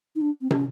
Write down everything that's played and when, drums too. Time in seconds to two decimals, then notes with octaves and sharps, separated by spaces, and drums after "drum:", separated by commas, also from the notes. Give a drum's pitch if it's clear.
0.16 D#4
0.21 D4
0.41 C4
0.51 C#4, drum: tom